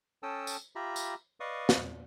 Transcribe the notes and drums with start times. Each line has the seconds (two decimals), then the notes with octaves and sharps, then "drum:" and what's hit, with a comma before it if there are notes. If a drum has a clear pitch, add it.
0.23 C#4 A4 G5 A5 D#6 E6
0.47 drum: tambourine
0.76 F4 G4 E5 A#5 B5
0.96 drum: tambourine
1.40 B4 D5 D#5 F5 C#6 D#6
1.69 drum: snare